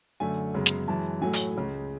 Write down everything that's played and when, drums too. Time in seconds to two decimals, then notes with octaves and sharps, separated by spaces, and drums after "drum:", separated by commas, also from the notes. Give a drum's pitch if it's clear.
0.20 F#2 D3 A3 G#5
0.54 F#2 C#3 G#3 B3
0.66 drum: snare
0.88 F#2 E3 G#3 A5
1.21 A2 F#3 A3 G#5
1.33 drum: hi-hat
1.56 C#2 C#3 G#3